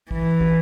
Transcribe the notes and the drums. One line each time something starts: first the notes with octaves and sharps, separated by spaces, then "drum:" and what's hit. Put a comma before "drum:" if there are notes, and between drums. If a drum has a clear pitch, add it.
E3, drum: kick
drum: kick